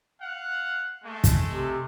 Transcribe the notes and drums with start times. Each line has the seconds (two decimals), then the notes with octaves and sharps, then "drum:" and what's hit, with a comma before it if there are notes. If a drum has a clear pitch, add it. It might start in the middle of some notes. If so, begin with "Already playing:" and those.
0.20 F5 F#5
1.02 G#3 A3
1.24 drum: kick, hi-hat
1.48 C3